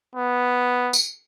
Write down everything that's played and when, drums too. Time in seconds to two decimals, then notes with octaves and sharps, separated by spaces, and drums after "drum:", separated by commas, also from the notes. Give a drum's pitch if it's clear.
0.15 B3
0.93 drum: tambourine